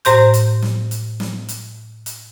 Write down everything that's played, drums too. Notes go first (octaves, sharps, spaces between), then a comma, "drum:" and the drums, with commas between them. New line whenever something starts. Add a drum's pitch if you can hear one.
A2 C5 C6 G6, drum: hi-hat
drum: hi-hat
drum: snare
drum: hi-hat
drum: snare
drum: hi-hat
drum: hi-hat